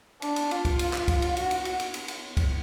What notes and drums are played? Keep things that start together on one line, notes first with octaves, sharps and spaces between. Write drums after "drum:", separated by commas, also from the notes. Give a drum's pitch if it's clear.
D4, drum: cymbal
drum: cymbal
F4, drum: cymbal
drum: kick, cymbal
drum: cymbal
drum: clap
drum: kick, cymbal
drum: cymbal
F#4, drum: cymbal
drum: cymbal
drum: cymbal
drum: cymbal
drum: cymbal
drum: cymbal
drum: kick, cymbal